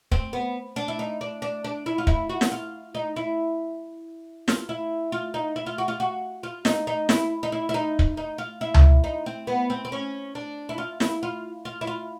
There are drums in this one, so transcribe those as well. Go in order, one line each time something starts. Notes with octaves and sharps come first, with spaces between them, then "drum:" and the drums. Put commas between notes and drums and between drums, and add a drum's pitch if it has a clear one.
C4, drum: kick
B3
D4
E4
D#4
D4
D4
D4
E4
F4
E4, drum: kick
F#4
drum: snare
F4
D#4
E4
F4, drum: snare
E4
F4
D#4
E4
F4
F#4
F4
F#4
F4
D#4, drum: snare
D#4
E4, drum: snare
D#4
E4
E4
D#4
drum: kick
D#4
F4
E4
drum: tom C#2
D#4
C4
B3
C4
C4
C#4
D4
E4
F4
E4, drum: snare
F4
F4
E4
F4